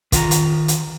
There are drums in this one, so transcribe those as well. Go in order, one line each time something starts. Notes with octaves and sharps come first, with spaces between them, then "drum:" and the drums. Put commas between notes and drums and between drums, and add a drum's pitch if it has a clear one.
D#3 F4 A#5, drum: kick, hi-hat
drum: hi-hat
drum: hi-hat